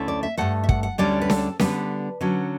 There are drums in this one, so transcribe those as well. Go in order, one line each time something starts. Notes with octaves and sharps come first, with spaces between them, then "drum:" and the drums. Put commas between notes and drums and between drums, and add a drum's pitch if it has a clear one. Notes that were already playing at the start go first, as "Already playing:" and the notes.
Already playing: D2 D3 A3 C#4 E4
D5
E5
G2 F#3 A3 F#5
E5
F#5, drum: kick
F#5
D2 D3 G3 C#4 D5
B4
A4, drum: snare C#4
D3 G3 B3 B4, drum: snare C#4
D3 F#3 C#4